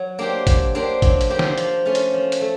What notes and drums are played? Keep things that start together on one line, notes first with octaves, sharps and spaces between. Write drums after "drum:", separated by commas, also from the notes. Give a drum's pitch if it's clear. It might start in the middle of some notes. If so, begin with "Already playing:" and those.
Already playing: F#3
A#3 D4 G4 C5
F#3, drum: kick, hi-hat
A#3 D4 G4 C5
F#3, drum: kick, hi-hat
drum: hi-hat
A#3 D4 G4 C5
drum: snare
F3, drum: hi-hat
A3 C#4 F4
drum: hi-hat
F3
drum: hi-hat
A3